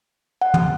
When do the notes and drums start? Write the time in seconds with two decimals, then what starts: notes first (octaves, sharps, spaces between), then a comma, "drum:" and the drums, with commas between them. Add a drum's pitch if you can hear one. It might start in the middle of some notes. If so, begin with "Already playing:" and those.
0.42 F#5
0.54 drum: tom